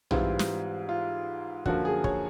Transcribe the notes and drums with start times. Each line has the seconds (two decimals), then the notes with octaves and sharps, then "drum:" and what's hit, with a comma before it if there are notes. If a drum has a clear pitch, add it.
0.11 G#2 E3 G3 C4 F4, drum: tom A#1
0.39 drum: snare
0.89 F4
1.66 F#2 D3 F3 A#3 F#4, drum: kick
1.85 G#4
2.04 C#5, drum: kick